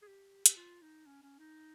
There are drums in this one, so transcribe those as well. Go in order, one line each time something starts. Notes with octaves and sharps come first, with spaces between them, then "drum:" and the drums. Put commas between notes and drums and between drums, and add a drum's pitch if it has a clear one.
G#4
G4
G4, drum: hi-hat
F4
D#4
C#4
C#4
D#4